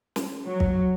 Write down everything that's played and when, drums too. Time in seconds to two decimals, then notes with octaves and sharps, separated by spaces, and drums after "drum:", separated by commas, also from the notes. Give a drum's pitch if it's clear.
0.16 drum: snare
0.45 F#3
0.60 drum: kick